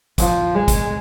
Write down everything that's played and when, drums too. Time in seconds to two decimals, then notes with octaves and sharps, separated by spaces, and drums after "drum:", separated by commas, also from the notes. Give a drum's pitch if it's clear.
0.18 F3, drum: kick, hi-hat
0.55 G#3
0.68 drum: kick, hi-hat